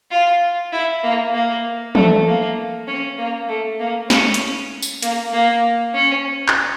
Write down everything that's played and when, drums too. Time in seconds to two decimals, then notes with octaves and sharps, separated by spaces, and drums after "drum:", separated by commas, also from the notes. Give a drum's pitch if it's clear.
0.11 F4
0.73 E4
1.04 A#3
1.34 A#3
1.95 A3, drum: tom E3
2.26 A#3
2.88 C#4
3.18 A#3
3.48 A3
3.80 A#3
4.10 C#4, drum: snare
4.34 drum: hi-hat
4.82 drum: tambourine
5.02 A#3, drum: hi-hat
5.33 A#3
5.94 C#4
6.48 drum: clap